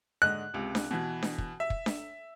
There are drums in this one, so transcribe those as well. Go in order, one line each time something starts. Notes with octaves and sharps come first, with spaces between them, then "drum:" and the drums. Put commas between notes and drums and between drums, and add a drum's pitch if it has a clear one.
G#2 D3 D#5 F#6
C#2 C3
drum: snare D4
B2 E3
drum: snare D4
drum: kick
E5
drum: kick
drum: snare D4